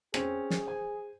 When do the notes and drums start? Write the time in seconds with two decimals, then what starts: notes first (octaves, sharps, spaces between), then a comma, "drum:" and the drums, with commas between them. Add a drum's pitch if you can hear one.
0.14 C4 C#4 G#4, drum: rim click
0.50 drum: snare
0.67 C5 G#5